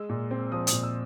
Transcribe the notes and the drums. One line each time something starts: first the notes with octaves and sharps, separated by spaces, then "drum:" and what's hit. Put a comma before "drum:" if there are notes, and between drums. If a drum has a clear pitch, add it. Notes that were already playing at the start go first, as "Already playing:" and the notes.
Already playing: G#3 E6
A#2
C4
F3 D#6
D#6, drum: hi-hat
A#2
E6